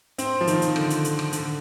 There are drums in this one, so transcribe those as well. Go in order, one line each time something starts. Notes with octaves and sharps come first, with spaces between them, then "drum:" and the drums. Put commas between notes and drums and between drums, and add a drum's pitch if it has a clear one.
C4, drum: hi-hat
F3
D#3, drum: hi-hat
drum: hi-hat
D3, drum: rim click
drum: hi-hat
drum: hi-hat
drum: rim click
D3, drum: hi-hat